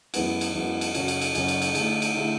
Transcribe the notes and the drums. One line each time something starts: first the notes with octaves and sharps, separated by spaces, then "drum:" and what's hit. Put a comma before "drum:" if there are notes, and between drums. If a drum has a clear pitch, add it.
F#2 E3 G#3 B3 F#4, drum: cymbal
drum: cymbal
F#2 E3 G#3 B3 F#4
drum: cymbal
F#2 C#3 F#3 C#4 F#4, drum: cymbal
drum: cymbal
drum: cymbal
F#2 C#3 F#3 C#4 F#4, drum: cymbal
drum: cymbal
drum: cymbal
D3 A3 E4 G#4, drum: cymbal
drum: cymbal
D3 A3 E4 G#4